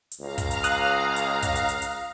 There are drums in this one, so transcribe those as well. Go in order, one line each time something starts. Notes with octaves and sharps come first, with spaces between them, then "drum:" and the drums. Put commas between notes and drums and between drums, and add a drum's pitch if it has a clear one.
drum: hi-hat
C#2 F5 A#5
drum: kick, hi-hat
drum: hi-hat
D#6 F#6, drum: hi-hat
drum: hi-hat
drum: kick, hi-hat
drum: hi-hat
drum: hi-hat
drum: hi-hat